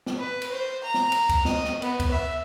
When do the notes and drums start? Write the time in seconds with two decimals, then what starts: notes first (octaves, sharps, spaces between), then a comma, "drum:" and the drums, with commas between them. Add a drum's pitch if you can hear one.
0.06 drum: snare
0.19 B4
0.42 drum: cymbal
0.52 C5
0.84 A#5
0.94 drum: snare
1.12 drum: cymbal
1.29 drum: kick C#2, cymbal
1.45 D#5, drum: snare
1.65 drum: snare
1.82 B3, drum: cymbal
2.00 drum: kick C#2, cymbal
2.11 E5